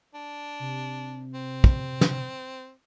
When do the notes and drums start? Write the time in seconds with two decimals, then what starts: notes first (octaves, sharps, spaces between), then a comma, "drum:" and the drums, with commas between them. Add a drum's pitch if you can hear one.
0.14 D4
0.60 C3
1.33 C4
1.64 drum: kick
2.01 drum: snare